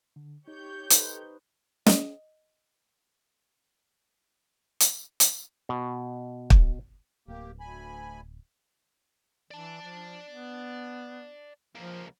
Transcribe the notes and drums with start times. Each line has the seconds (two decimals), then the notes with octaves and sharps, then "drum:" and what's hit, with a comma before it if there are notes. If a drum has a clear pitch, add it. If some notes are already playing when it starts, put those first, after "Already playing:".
0.16 D3
0.48 D#4 G4 C#5 G6
0.90 D#4 A4 B4 C5, drum: hi-hat
1.86 D#5, drum: snare
4.80 drum: hi-hat
5.20 drum: hi-hat
5.69 B2
6.50 drum: kick
7.28 D1 A#3 G4
7.60 D2 G#5 B5
9.51 E3 D5 A5
9.82 F3
10.29 B3
11.75 C#2 F3 A#3